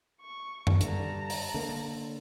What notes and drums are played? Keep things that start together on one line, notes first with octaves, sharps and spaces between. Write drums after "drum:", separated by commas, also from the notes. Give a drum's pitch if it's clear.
C#6
drum: tom F#2
G2 D3 A5 A#5, drum: hi-hat
drum: open hi-hat
D3 A#3